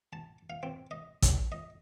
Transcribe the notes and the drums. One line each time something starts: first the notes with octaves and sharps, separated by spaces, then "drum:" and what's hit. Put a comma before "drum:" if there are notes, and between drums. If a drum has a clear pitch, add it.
A5
F5
C4
D#5
drum: kick, hi-hat
D#5